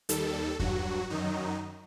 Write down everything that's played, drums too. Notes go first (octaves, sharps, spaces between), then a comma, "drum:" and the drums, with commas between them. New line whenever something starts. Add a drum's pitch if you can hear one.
D#2 D#3 G3 A4, drum: hi-hat
G2 F#3 F#4, drum: kick E2
F#2 D#3 F#3 D#4